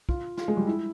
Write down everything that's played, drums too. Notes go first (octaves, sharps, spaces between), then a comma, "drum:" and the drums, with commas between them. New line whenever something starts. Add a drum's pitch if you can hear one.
F4, drum: kick
F4, drum: snare
G#3
G3
E4